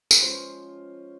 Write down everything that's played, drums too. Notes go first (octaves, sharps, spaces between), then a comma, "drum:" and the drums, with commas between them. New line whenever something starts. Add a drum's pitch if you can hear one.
B4, drum: tambourine
F3 G#3 C#4 F4 C5